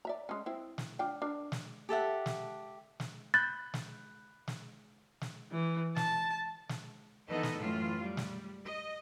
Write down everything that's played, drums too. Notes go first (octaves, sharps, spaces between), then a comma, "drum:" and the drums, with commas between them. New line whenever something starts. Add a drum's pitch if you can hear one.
D5 E5 A#5
G#3 C#4
C4 E4
drum: snare
D4 F4 G5
D4 A#4
drum: snare
G4 A4 E5 F#5
drum: snare
drum: snare
B5 F#6 G6 A6
drum: snare
drum: snare
drum: snare
E3
A5, drum: snare
drum: snare
D#3 E3 B3 D#4 A4 D#5
drum: snare
F#2 A2 E3 F4
G3
drum: snare
D#5